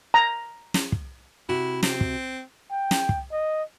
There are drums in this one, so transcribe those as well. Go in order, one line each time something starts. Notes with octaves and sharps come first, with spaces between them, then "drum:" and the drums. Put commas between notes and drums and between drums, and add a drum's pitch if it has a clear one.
A#5
drum: snare
drum: kick
C3 E4 F#4
C4, drum: snare
drum: kick
G5
drum: snare
drum: kick
D#5